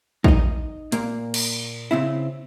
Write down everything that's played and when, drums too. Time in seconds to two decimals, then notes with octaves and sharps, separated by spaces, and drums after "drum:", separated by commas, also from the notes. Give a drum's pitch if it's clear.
0.24 D#4 D#5, drum: kick
0.92 A#2 A#3, drum: hi-hat
1.34 drum: cymbal
1.91 C#3 C4 E4